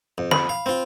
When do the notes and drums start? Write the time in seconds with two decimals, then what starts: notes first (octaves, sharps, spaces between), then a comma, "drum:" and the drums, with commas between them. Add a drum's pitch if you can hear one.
0.18 F2
0.31 B5, drum: snare
0.49 F5
0.66 C4 F4